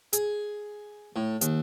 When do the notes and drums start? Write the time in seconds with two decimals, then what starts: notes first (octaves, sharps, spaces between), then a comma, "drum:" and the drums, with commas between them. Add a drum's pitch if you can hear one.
0.13 G#4, drum: hi-hat
1.16 A2
1.41 D#2, drum: hi-hat